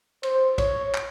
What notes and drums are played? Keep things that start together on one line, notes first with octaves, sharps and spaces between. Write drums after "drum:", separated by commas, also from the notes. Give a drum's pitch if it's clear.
C5, drum: cymbal
C#5, drum: kick A#1, cymbal
drum: clap